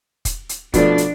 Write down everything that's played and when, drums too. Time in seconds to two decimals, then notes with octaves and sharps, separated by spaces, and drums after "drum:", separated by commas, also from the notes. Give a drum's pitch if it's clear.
0.25 drum: kick, hi-hat
0.49 drum: hi-hat
0.74 B2 F3 A3 D4, drum: kick, hi-hat
0.98 drum: hi-hat